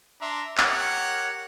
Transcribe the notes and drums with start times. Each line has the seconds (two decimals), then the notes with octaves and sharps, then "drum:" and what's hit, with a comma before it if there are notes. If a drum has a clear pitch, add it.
0.20 D4 E5 A#5 C6
0.58 G4 A#4 C#5 F#5, drum: clap